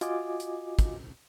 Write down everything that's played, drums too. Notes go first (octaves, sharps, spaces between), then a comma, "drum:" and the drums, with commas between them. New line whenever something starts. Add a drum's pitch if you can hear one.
F4 F#4 D#5 G#5 D6, drum: hi-hat
drum: hi-hat
drum: kick, hi-hat